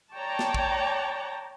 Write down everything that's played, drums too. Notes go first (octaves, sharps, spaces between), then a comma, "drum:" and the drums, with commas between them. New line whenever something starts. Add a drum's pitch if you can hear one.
C#5 D5 G5 A5 A#5
drum: snare
drum: kick